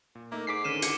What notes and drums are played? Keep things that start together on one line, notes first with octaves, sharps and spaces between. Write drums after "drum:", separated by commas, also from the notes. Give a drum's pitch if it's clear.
A#2
A3 A#3 D#4 E5
G#2 D6 B6 C7
D3 D#3 C#4 F6 D#7 E7
C#7, drum: hi-hat